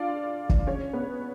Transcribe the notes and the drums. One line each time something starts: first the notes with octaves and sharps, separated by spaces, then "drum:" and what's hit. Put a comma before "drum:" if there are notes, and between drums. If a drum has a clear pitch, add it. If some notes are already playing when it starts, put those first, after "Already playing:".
Already playing: D4 F4 D5 F5
drum: kick
C#4 C#5
B3 B4